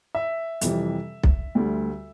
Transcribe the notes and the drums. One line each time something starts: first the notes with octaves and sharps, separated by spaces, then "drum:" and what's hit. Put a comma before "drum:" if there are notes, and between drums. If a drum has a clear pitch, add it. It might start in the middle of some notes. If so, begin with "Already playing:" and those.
E5
F2 C3 E3 G3, drum: hi-hat
drum: kick B1
D2 D3 G3